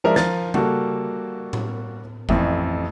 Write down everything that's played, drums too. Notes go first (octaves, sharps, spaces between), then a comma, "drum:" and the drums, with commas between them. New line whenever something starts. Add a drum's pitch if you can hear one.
F3 G#3 A#4 D5 E5
F3 A#4 A6, drum: snare
G3 A#3 F#4 A4, drum: tom C#3
drum: tom A2
A1 F2 E5, drum: kick F#1